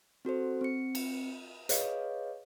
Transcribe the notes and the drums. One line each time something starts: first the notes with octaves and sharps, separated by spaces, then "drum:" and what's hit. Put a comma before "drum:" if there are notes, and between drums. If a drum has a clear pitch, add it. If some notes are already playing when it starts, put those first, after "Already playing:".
C4 F#4 A4 C5
C4 C#7
drum: cymbal
G#4 B4 C#5 D#5 F5, drum: hi-hat